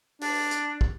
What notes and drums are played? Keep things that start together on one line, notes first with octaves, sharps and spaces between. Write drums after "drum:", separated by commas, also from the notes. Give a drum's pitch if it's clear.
D4, drum: open hi-hat
drum: hi-hat
drum: kick